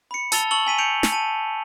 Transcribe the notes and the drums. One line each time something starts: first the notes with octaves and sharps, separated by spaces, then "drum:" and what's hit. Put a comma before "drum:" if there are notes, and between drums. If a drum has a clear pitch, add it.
B5 C#7
A5 E6 A6 F7 G7, drum: hi-hat
A5 C#6 E6 F#7 G7
G#5 B6 D#7
G6 C#7 D7 F7
drum: snare
A5 D#7